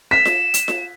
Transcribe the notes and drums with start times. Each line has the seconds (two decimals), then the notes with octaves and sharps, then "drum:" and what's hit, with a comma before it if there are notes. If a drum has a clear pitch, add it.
0.11 B6 E7
0.25 drum: snare F4
0.54 drum: hi-hat
0.68 drum: snare F4